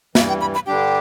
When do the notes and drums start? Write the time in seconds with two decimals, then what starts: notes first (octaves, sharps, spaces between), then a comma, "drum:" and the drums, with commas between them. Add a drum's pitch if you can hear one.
0.15 G2 E3 G3 E5, drum: snare
0.28 G5
0.41 B5
0.55 B5
0.66 G2 D3 G3 D4 G4 G5